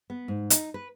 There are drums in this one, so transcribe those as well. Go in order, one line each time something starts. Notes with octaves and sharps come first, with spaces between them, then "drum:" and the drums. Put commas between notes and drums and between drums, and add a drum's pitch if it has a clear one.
B3
G#2
D#4, drum: hi-hat
B4